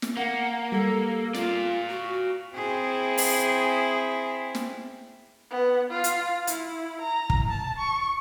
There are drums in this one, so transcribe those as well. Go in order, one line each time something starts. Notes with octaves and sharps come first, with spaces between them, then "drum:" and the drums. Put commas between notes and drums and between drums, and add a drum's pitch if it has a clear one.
drum: snare
A#3 F#5
G3 A4
F4 D5 F5, drum: snare
F#4
C4 E4 G#4
drum: open hi-hat
drum: snare
B3
F4
drum: hi-hat
E4, drum: hi-hat
A#5
drum: kick
A5
C#6